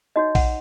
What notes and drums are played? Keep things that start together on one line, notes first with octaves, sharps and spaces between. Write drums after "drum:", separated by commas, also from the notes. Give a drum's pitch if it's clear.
D#4 F#4 C#5 D#5
F#5, drum: kick A#1, open hi-hat